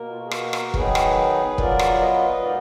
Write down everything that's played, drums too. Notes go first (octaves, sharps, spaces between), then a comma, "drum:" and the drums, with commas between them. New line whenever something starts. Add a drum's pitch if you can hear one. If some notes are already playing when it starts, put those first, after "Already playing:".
Already playing: B2 A#3 A#4
F4
F#4
G#4
F#4 A#4, drum: rim click
drum: rim click
D#3 F#3 B3 D#4 G#4 B4, drum: kick F1
drum: rim click
F#3 B3 F4 A#4 D5, drum: kick F1
drum: rim click
B4 D#5
B2 G#3 B3 D#4 D5 F5